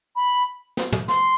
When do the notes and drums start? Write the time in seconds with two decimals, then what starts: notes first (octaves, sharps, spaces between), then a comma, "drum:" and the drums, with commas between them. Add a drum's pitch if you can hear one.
0.16 B5
0.77 drum: snare
0.92 drum: tom
1.08 C6, drum: snare